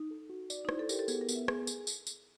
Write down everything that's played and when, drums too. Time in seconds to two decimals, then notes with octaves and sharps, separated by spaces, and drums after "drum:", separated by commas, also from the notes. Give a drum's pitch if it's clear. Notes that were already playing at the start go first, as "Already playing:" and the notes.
Already playing: D#4
0.11 A4
0.30 F#4
0.50 D5, drum: tambourine
0.65 D#4
0.69 E4 C5, drum: rim click
0.79 A4
0.89 G4 A#4, drum: tambourine
0.99 A4
1.08 B3 G#4, drum: tambourine
1.21 A#4
1.29 B3, drum: tambourine
1.35 E5
1.48 G#4, drum: rim click
1.67 drum: tambourine
1.87 drum: tambourine
2.07 drum: tambourine